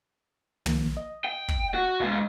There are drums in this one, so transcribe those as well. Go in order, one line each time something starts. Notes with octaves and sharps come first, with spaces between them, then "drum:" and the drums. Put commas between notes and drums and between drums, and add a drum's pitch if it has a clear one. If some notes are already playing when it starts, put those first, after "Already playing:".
D#3 F3 A#3, drum: tom
D#5
G5
drum: kick
F#4
C2 B2 G#3 F5